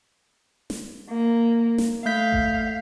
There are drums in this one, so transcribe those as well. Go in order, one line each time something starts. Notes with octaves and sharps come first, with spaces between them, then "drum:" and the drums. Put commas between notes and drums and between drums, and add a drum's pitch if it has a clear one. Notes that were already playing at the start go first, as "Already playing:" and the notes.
drum: snare
A#3
drum: snare
A3 F5 G6 B6
drum: kick G1